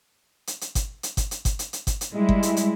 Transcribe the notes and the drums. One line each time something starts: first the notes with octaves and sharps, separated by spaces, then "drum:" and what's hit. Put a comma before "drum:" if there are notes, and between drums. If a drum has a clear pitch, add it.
drum: hi-hat
drum: hi-hat
drum: kick G1, hi-hat
drum: hi-hat
drum: kick G1, hi-hat
drum: hi-hat
drum: kick G1, hi-hat
drum: hi-hat
drum: hi-hat
drum: kick G1, hi-hat
drum: hi-hat
G3 G#3 E4
drum: kick G1
drum: hi-hat
drum: hi-hat